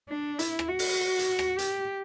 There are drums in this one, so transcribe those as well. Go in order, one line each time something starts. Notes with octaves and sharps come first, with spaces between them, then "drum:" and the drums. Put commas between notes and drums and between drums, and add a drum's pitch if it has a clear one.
D4
E4, drum: hi-hat
drum: rim click
F#4
drum: open hi-hat
drum: hi-hat
drum: rim click
G4, drum: hi-hat